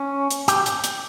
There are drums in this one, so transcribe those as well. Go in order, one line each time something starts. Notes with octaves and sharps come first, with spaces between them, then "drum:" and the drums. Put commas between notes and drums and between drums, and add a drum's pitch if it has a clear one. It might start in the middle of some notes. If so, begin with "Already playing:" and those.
Already playing: C#4
drum: hi-hat
G4, drum: hi-hat
drum: hi-hat
drum: hi-hat